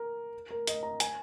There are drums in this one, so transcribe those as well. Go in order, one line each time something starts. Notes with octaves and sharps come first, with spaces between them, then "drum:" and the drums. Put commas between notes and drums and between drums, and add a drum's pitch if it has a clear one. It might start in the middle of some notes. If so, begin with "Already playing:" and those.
Already playing: A#4
A#4
D#5, drum: hi-hat
A#5
G#5, drum: hi-hat